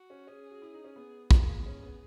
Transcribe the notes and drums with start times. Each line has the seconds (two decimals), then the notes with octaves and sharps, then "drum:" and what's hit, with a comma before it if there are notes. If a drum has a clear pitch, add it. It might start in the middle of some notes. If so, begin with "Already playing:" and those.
Already playing: F#4
0.10 C#4
0.27 C#4 G#4
0.51 F#4
0.62 E4
0.74 D#4
0.84 C#4
0.96 B3 G#4
1.31 B3 G#4, drum: kick
1.42 A#3
1.52 B3
1.66 C#4
1.82 B3